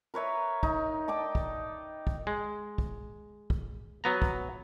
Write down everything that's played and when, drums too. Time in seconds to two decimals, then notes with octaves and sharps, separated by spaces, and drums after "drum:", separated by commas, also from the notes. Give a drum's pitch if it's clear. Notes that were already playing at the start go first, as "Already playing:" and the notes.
0.14 A#4 B4 C#5 E5
0.63 D#4, drum: kick
1.08 D#4 D5 G5 A5
1.35 drum: kick
2.07 drum: kick
2.27 G#3
2.78 drum: kick
3.50 drum: kick
4.04 F#3 B3 A#5
4.22 drum: kick